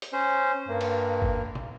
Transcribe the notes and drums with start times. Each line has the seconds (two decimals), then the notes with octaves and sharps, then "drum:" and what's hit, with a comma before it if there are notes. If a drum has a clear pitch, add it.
0.02 drum: hi-hat
0.13 C#4 C5
0.69 G2 A#3
0.81 drum: cymbal
1.22 drum: kick
1.55 drum: tom